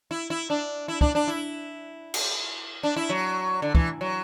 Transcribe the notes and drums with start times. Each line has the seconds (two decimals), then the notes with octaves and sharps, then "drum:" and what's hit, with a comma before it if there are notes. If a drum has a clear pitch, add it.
0.11 E4
0.30 E4
0.50 D4
0.88 E4
1.01 D4, drum: kick
1.15 D4
1.28 E4
2.14 drum: cymbal
2.83 D4
2.96 E4
3.10 F#3
3.62 D3
3.75 E3, drum: kick
4.01 F#3